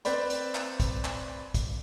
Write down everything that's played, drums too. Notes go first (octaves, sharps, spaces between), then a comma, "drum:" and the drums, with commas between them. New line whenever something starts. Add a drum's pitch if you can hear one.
C4 B4 C5 D5 B5, drum: hi-hat
drum: hi-hat
drum: clap
drum: kick, hi-hat
drum: clap
drum: kick, hi-hat